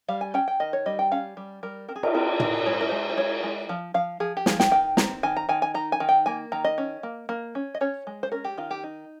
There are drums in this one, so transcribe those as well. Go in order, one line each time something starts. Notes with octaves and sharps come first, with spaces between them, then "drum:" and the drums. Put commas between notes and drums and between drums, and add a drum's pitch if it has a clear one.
G3 F5
G#5
C#4 G5
G5
D#3 D#5
C#5
G3 D#5
G5
C#4 F5
G3
G3 A#4
C4 A#4
G#4
A#4, drum: cymbal
C4 A#4
D#4, drum: tom
G#3 C#5
C5
A#4
G#3 C5
C5
G#3 C#5
G#3
F3
F3 F5
F3 G#4
G4
F3 G#4, drum: snare
G5, drum: snare
D#3 G5
C4 A#5, drum: snare
D#3 G#5
A#5
D#3 G#5
G#5
D#4 A#5
G#5
D#3
G5
A#3 G#5
D#3 A#5
D#5
C#4
A#3
A#3
C#4
D#5
C#4 C#5
G#3
C5
C#4 A#4
G4
D#3 F4
G4
D#4